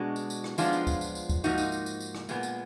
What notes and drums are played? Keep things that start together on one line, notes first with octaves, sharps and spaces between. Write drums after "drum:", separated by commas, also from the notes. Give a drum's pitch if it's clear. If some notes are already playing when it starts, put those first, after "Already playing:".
Already playing: B2 G#3 D4 F#4
drum: tambourine
drum: tambourine
drum: rim click
F3 G#3 B3 D4 F4, drum: tambourine
drum: tambourine
drum: kick D2, tambourine
drum: tambourine
drum: tambourine
drum: kick D2, tambourine
G#2 F3 A#3 D#4 F#4, drum: tambourine
drum: tambourine
drum: tambourine
drum: tambourine
drum: tambourine
drum: rim click
A#2 G#3 B3, drum: tambourine
drum: tambourine